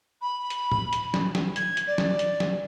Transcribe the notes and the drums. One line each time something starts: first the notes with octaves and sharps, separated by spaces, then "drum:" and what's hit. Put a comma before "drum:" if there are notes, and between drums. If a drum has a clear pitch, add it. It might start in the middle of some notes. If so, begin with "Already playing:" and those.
B5
drum: hi-hat
drum: tom
drum: hi-hat
drum: snare
drum: snare
G#6, drum: hi-hat
drum: hi-hat
D5
drum: snare
drum: hi-hat
drum: snare